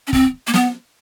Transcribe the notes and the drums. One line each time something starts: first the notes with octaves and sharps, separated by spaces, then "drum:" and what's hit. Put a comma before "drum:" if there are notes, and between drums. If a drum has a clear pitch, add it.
C#4
C4, drum: kick
A#3
B3, drum: snare